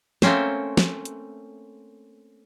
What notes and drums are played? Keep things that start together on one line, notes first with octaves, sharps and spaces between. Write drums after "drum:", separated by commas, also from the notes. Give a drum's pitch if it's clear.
A3 A#3 C4 C#4 C5, drum: snare
drum: snare
drum: hi-hat